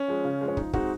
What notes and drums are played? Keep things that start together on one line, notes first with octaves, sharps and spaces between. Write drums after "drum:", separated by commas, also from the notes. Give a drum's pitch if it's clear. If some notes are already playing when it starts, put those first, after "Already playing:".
Already playing: C#4
F3 G#3
C#3
F3 G#3
C#4
F3 D#4, drum: kick
G#3 C4 D#4 F#4, drum: kick